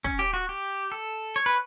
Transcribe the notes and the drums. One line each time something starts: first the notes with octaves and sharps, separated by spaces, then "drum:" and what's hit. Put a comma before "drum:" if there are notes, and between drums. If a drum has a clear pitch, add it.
C#4, drum: kick
G4
F#4
G4
A4
C#5
B4